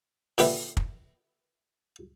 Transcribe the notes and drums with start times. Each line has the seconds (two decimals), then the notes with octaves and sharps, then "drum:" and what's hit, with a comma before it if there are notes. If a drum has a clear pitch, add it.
0.38 A#2 D3 G4 B4 E5, drum: open hi-hat
0.77 drum: kick